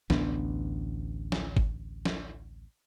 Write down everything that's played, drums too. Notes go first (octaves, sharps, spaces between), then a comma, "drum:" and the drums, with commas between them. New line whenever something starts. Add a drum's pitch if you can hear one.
A1 D2 B3 D4, drum: snare
drum: snare
drum: kick G1
drum: snare